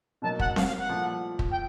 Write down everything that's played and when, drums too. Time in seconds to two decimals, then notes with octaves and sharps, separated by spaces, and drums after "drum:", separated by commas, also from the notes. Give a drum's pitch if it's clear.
0.22 B2 F#3 A#3 D#4 A5
0.39 F#5, drum: kick
0.56 F5, drum: snare C4
0.67 F5
0.78 F#5
0.89 C2 A#2 F3 A3
1.39 drum: kick
1.51 G5